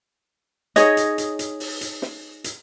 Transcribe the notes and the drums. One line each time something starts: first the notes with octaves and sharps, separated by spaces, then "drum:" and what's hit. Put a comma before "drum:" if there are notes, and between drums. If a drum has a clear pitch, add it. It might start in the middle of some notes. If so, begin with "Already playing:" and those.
D#4 G#4 C#5 D#5, drum: hi-hat
drum: hi-hat
drum: hi-hat
drum: hi-hat
drum: open hi-hat
drum: hi-hat
drum: snare
drum: hi-hat